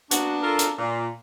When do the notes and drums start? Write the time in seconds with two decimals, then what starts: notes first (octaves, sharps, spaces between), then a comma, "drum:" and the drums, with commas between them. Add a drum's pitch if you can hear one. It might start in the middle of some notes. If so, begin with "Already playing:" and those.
0.11 A#3 B3 D4 F#4, drum: hi-hat
0.42 F4 A4 A#4
0.59 drum: hi-hat
0.79 A#2